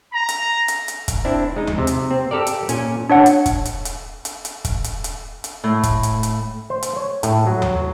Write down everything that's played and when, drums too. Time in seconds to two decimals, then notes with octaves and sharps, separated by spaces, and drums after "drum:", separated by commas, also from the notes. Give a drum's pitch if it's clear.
0.14 A#5
0.29 drum: hi-hat
0.68 drum: hi-hat
0.88 drum: hi-hat
1.08 drum: kick, hi-hat
1.25 C4 D4 E4
1.56 G#3 D#4
1.67 drum: tom D#2
1.78 C3
1.87 drum: hi-hat
2.11 C4
2.31 G4 A4 A#4 D5
2.47 drum: hi-hat
2.69 A#2 C#4 G#5, drum: hi-hat
3.10 D4 C#5 F#5
3.26 drum: hi-hat
3.46 drum: kick, hi-hat
3.65 drum: hi-hat
3.85 drum: hi-hat
4.25 drum: hi-hat
4.45 drum: hi-hat
4.65 drum: kick, hi-hat
4.84 drum: hi-hat
5.04 drum: hi-hat
5.44 drum: hi-hat
5.64 A2
5.83 drum: kick, hi-hat
6.03 drum: hi-hat
6.23 drum: hi-hat
6.70 C5
6.83 drum: hi-hat
6.96 C#5
7.23 A2, drum: hi-hat
7.46 F#3
7.62 drum: tom D#2